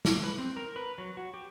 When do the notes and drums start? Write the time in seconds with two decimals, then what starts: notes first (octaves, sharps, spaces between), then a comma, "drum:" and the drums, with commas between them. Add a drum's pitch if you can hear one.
0.05 drum: snare
0.23 B4
0.38 C4
0.57 A#4
0.76 B4
0.98 F#3
1.17 F#4
1.34 G4